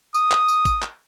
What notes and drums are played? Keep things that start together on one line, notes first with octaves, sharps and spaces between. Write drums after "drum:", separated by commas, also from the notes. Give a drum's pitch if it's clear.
D#6, drum: tambourine
drum: clap
drum: tambourine
drum: kick, tambourine
drum: clap